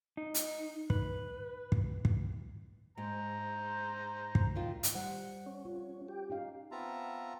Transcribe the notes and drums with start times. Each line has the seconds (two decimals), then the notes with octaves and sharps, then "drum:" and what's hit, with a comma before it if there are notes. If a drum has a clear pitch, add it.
0.17 D#4
0.34 drum: hi-hat
0.90 B4, drum: kick
1.72 drum: kick
2.05 drum: kick
2.98 G#2 C5 A#5
4.35 drum: kick
4.56 D#3 F4
4.83 drum: hi-hat
4.95 G3 C5 F#5
5.46 C#4
5.65 F4
6.08 G4
6.30 C#4 D#4 F5
6.71 B3 C4 F4 E5 A5 A#5